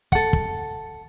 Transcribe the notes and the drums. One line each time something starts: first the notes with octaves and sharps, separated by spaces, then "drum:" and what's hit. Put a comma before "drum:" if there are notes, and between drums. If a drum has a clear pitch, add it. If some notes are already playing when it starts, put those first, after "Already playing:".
A4 F#5, drum: kick
drum: kick